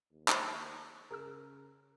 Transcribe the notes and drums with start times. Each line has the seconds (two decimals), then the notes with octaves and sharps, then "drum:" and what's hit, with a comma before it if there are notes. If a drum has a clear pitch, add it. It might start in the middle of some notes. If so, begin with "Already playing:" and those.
0.12 D#2
0.28 drum: clap
1.11 C#3 G#4 A#4 E6